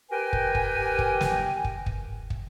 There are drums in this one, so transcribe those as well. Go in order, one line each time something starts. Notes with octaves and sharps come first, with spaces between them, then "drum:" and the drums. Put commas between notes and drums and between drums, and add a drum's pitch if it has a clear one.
G4 A#4 B4 G5 G#5
drum: kick
drum: kick
drum: kick
drum: snare
drum: kick
drum: kick
drum: kick